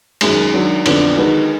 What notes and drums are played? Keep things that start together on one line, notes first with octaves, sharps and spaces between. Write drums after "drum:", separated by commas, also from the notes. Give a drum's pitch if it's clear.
F#2 D#3 G#3, drum: cymbal
D#3 F#3 D4
F2 D3 F#3 B3 D4, drum: cymbal
D#3 G#3 D#4 F#4 B4